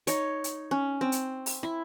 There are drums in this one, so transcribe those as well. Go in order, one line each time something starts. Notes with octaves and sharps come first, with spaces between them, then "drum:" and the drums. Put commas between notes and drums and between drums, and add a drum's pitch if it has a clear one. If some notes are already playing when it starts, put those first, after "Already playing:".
D#4 C#5, drum: hi-hat
drum: hi-hat
C#4
C4
drum: hi-hat
drum: open hi-hat
E4, drum: rim click